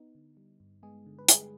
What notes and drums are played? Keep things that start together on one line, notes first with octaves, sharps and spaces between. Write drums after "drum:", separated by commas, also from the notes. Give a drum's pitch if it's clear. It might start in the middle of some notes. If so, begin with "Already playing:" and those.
Already playing: B3 D#4
D3
G3
G2
G#3 B3 G#4
D3
B4
G3 G#3 G#4, drum: hi-hat